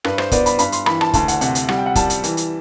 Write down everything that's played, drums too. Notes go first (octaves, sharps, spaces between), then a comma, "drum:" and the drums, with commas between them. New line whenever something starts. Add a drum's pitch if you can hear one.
G2 B4, drum: rim click
C5, drum: rim click
B3 D5, drum: kick, hi-hat
B5, drum: hi-hat
G2 B5, drum: hi-hat
C6, drum: hi-hat
E3 B5, drum: rim click
A5, drum: rim click
D2 A5, drum: kick, hi-hat
F#5, drum: hi-hat
C3 F#5, drum: hi-hat
drum: hi-hat
G3 F#5, drum: rim click
G5
F#5
G3 A5, drum: kick, hi-hat
drum: hi-hat
E3, drum: hi-hat
drum: hi-hat